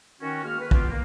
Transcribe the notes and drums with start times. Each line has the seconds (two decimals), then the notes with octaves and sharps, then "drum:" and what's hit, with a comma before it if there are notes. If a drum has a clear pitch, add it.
0.21 D#3 C#4 F#4
0.44 G#3 A#3 F#4 F6
0.59 B4
0.71 B3 F4 G4, drum: kick
0.90 A#3